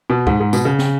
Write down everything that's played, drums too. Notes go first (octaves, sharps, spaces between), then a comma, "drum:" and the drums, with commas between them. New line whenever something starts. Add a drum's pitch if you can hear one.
B2
G#2, drum: kick
G#2
B2, drum: tambourine
C#3
drum: snare